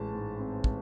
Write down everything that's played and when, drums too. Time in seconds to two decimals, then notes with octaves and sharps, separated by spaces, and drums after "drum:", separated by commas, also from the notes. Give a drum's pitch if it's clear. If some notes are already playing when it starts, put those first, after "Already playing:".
Already playing: A1 G#3 A5
0.13 G#2
0.39 C4
0.64 drum: kick